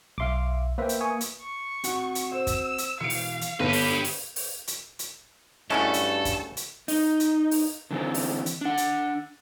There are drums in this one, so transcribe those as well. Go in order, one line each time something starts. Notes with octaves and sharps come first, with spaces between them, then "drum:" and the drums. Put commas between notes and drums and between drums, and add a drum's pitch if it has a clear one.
B1 E5 F5 C6 D6
A#3 B4 C5 E5 G5
drum: hi-hat
G#5 C#6 D#6
drum: hi-hat
C#6
C4 F#4 F#5, drum: hi-hat
drum: hi-hat
C5 E6
drum: kick, hi-hat
drum: hi-hat
B2 E3 F5 C#7 D7
drum: open hi-hat
drum: hi-hat
G1 D3 G4 B4 A#6
drum: open hi-hat
drum: open hi-hat
drum: open hi-hat
drum: hi-hat
drum: hi-hat
G2 G#3 A3 C#4 E4 F#4 A4
drum: hi-hat
drum: kick, hi-hat
drum: hi-hat
D#4, drum: open hi-hat
drum: hi-hat
drum: open hi-hat
D3 E3 C4
drum: open hi-hat
drum: hi-hat
D4 F#5
drum: hi-hat